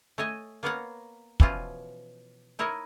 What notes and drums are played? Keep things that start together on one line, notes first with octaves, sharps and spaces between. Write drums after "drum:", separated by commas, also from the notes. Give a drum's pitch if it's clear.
A3 C#5 D#5 G#5
A#3 B3 A#4 C#5 F5 F#5
B2 E3 F3 C#4 F4 D#5, drum: kick
D#4 E4 A#4 C#5 D#5